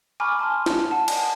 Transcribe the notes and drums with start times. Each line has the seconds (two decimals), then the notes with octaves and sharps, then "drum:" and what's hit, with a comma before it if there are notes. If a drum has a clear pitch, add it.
0.20 G#5 A#5 B5 C#6 D6 F6
0.39 G#5 A5 C6 F6
0.66 drum: snare
0.91 F#5 A5
1.08 G#5, drum: cymbal